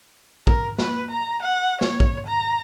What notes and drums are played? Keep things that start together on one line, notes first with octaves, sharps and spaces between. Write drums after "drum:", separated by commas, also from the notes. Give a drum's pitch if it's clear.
A#4, drum: kick A#1
B4, drum: snare
A#5
F#5
C#5, drum: snare
drum: kick A#1
A#5